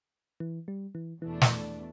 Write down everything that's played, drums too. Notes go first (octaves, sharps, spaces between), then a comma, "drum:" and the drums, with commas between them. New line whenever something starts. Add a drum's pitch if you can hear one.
E3
G3
E3
E2 B2 E3 A3 D4
drum: snare